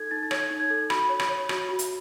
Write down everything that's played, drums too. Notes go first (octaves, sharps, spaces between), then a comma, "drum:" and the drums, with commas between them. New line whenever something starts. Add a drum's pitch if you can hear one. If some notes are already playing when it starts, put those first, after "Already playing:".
Already playing: D#4 A4 G#6
D#4 A6
A6
C#5 G#6, drum: rim click
D#4
G#6
A4
F#4 B5, drum: rim click
C#5
drum: rim click
C#5
F#4, drum: rim click
F#4
drum: hi-hat